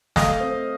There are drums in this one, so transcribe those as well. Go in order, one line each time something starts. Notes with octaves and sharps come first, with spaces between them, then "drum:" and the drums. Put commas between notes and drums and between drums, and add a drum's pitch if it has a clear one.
A3 D#5 F5, drum: snare
C4